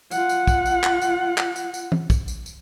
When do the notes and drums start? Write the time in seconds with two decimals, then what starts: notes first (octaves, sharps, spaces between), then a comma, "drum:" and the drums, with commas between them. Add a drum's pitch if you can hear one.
0.11 F4 F#5, drum: tambourine
0.29 drum: tambourine
0.47 drum: kick, tambourine
0.65 drum: tambourine
0.84 drum: clap
1.02 drum: tambourine
1.38 drum: clap
1.56 drum: tambourine
1.74 drum: tambourine
1.92 drum: tom
2.10 drum: kick, tambourine
2.28 drum: tambourine
2.46 drum: tambourine